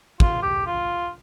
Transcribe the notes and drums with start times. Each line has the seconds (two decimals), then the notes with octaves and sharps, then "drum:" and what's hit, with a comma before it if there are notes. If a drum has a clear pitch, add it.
0.20 F4, drum: kick
0.43 G4
0.66 F4